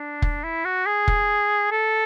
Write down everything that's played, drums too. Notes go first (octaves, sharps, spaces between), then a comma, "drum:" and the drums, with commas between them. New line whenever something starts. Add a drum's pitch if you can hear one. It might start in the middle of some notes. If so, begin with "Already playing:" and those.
Already playing: D4
drum: kick
E4
F#4
G#4
drum: kick
A4